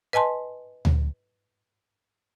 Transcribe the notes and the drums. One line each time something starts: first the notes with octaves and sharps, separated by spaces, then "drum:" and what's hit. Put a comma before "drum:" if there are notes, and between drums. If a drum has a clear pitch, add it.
B4 D#5 G#5 A5 C6
drum: tom D2